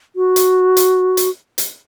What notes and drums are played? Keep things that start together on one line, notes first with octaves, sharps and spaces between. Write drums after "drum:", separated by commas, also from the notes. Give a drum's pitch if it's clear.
F#4
drum: hi-hat
drum: hi-hat
drum: hi-hat
drum: hi-hat